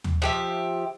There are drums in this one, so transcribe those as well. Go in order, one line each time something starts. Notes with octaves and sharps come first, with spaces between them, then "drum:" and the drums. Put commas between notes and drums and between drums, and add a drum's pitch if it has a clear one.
drum: tom D#2
F3 G4 E5